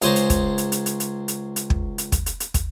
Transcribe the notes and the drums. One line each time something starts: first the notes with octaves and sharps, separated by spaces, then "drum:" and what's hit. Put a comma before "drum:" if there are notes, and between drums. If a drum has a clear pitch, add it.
C#2 G#4 C5 C#5 A5 A#5, drum: hi-hat
drum: hi-hat
drum: kick, hi-hat
drum: hi-hat
drum: hi-hat
drum: hi-hat
drum: hi-hat
drum: hi-hat
drum: hi-hat
drum: kick
drum: hi-hat
drum: kick, hi-hat
drum: hi-hat
drum: hi-hat
drum: kick, hi-hat